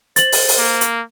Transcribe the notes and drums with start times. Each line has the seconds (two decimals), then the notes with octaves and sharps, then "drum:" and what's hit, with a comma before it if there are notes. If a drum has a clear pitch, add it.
0.16 C5 A6 F#7, drum: hi-hat
0.32 drum: open hi-hat
0.49 drum: open hi-hat
0.58 A#3
0.81 drum: hi-hat